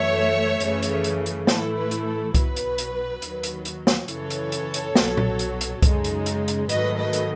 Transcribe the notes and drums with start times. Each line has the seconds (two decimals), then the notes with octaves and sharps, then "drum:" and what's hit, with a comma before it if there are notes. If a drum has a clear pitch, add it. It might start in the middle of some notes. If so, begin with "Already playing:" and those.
Already playing: F#2 E3 A3 C#5 E5
0.60 F#2 C#3 E3 A3, drum: hi-hat
0.82 drum: hi-hat
1.04 drum: hi-hat
1.26 drum: hi-hat
1.47 A2 E3 A3 E4 A4, drum: snare
1.77 B4
1.91 drum: hi-hat
2.05 A4
2.34 B1 B2 F#3 B4, drum: kick C2, hi-hat
2.56 drum: hi-hat
2.78 drum: hi-hat
3.22 D#2 D#3 F#3, drum: hi-hat
3.43 drum: hi-hat
3.65 drum: hi-hat
3.87 drum: snare
4.08 F#2 C#3 E3 A4 C#5, drum: hi-hat
4.30 drum: hi-hat
4.52 drum: hi-hat
4.74 drum: hi-hat
4.95 B1 B2 F#3, drum: snare
5.17 drum: tom A#2
5.39 drum: hi-hat
5.61 drum: hi-hat
5.82 F#2 C#3 G#3 D#4, drum: kick C2, hi-hat
6.04 drum: hi-hat
6.26 drum: hi-hat
6.48 drum: hi-hat
6.69 G#2 D#3 F#3 A3 B4 D#5, drum: hi-hat
6.98 B4 D#5
7.13 drum: hi-hat